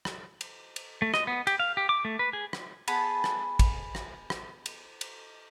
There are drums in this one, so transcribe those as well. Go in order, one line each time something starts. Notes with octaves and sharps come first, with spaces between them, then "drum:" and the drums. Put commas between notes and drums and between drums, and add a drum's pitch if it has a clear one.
drum: rim click
drum: cymbal
drum: cymbal
A3
D#5, drum: rim click
B3
G4, drum: cymbal
F5
G4
D6
A3
B4
G#4
drum: rim click
B3 G#4 A5 B5, drum: cymbal
drum: rim click
drum: kick, cymbal
drum: rim click
drum: rim click
drum: cymbal
drum: cymbal